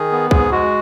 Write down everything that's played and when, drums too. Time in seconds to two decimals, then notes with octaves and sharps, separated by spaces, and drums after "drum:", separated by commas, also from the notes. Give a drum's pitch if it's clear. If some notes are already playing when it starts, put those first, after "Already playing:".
Already playing: D#3 G#4
0.12 B3
0.31 G#2 G#4, drum: kick
0.52 G#3 F#4